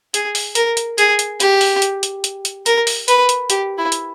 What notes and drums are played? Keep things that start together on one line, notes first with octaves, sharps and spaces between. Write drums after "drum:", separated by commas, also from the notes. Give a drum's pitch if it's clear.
G#4, drum: hi-hat
drum: open hi-hat
A#4, drum: hi-hat
drum: hi-hat
G#4, drum: hi-hat
drum: hi-hat
G4, drum: hi-hat
drum: open hi-hat
drum: hi-hat
drum: hi-hat
drum: hi-hat
drum: hi-hat
A#4, drum: hi-hat
drum: open hi-hat
B4, drum: hi-hat
drum: hi-hat
G4, drum: hi-hat
E4
drum: hi-hat